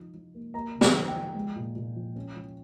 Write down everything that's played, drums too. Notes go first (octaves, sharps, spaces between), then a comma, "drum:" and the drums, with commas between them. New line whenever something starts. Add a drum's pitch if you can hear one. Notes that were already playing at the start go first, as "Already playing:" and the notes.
Already playing: F3 D#4
F3
A#3
A#3 A#5
C#3
G#5, drum: snare
D#4
G5
F3
G#3
A#2
A#2
F3
C#4
F3